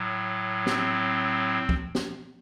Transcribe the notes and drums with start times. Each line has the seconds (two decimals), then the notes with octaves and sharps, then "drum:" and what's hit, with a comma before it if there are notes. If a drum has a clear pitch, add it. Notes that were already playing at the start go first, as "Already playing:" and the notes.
Already playing: A2 F#3
0.66 C4, drum: snare
1.69 drum: kick
1.95 drum: snare